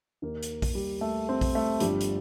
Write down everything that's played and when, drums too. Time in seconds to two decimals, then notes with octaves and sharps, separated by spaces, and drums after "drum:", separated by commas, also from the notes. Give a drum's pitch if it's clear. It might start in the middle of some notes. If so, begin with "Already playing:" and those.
0.22 D#2 D#3 A#3
0.43 drum: hi-hat
0.62 drum: kick A#1, open hi-hat
0.75 G3
1.01 A3
1.29 C4
1.41 drum: kick A#1, open hi-hat
1.55 A3
1.80 G1 G2 F3 G3, drum: hi-hat
2.01 drum: hi-hat